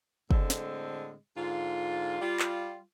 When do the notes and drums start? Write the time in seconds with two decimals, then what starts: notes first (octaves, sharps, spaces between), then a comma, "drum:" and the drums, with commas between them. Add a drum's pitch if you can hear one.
0.31 A2 D3 G#3 C4, drum: kick
0.50 drum: snare
1.35 G#2 D3 F4
2.21 G3 F4
2.40 drum: clap